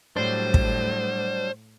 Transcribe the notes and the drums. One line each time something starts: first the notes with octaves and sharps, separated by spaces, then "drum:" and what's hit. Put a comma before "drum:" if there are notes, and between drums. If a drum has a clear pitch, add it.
A2 F#3 G3 D4 C5
drum: kick